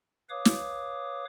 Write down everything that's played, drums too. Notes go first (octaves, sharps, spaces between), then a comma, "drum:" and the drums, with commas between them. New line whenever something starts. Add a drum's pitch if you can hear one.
B4 C#5 F5 D6 D#6
drum: snare